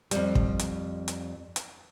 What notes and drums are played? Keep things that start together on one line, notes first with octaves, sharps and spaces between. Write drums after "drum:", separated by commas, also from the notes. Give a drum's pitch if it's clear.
F2 G3, drum: hi-hat
drum: kick
drum: hi-hat
drum: hi-hat
drum: hi-hat